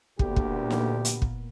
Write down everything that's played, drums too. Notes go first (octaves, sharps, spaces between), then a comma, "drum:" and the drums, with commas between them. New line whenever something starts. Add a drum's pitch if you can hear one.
D2 A#2 D3 A#3 B3 G4, drum: kick
drum: kick
drum: snare
drum: hi-hat
drum: kick